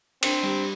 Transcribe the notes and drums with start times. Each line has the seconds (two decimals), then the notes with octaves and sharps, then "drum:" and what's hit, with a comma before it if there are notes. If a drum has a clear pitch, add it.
0.23 C4 D4, drum: cymbal
0.43 G3